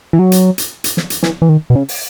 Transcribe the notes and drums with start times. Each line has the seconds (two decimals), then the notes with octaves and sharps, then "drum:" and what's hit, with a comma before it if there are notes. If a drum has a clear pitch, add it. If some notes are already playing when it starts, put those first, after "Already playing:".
0.13 E3
0.19 F#3
0.32 drum: hi-hat
0.58 drum: hi-hat
0.84 drum: hi-hat
0.97 drum: snare
1.10 drum: hi-hat
1.23 E3, drum: snare
1.42 E3
1.49 D#3
1.70 B2
1.75 C#3
1.89 drum: open hi-hat